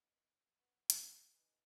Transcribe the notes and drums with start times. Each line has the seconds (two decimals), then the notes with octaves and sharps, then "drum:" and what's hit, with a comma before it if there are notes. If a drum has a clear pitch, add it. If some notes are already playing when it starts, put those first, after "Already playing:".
Already playing: G#3 B3 D#4
0.59 F#3 B3 F#4
0.90 drum: hi-hat
1.34 G#3 D#4 G#4 B4